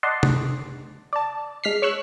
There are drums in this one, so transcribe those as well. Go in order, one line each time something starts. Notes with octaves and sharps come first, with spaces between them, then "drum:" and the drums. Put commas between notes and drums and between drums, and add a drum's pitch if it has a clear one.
D5 D#5 F#5 A5 C6
drum: tom C3
D5 A5
G#3 F6 B6 C7
C#5 C#6 E6 F#6